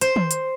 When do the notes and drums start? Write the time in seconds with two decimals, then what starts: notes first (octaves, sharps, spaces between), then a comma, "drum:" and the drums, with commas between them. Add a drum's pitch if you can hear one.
0.01 C5, drum: hi-hat
0.16 drum: tom
0.31 drum: hi-hat